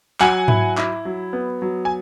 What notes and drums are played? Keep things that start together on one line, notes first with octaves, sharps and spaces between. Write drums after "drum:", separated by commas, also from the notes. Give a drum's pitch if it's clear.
F#3 F#5 G#5, drum: clap
E4, drum: tom G#2
E4, drum: clap
F#3
B3
F#3
G#5